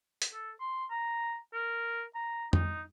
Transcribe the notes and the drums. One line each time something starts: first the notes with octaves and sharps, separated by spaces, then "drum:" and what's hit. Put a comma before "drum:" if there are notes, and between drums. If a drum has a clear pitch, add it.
drum: hi-hat
A4
C6
A#5
A#4
A#5
D#4, drum: tom F2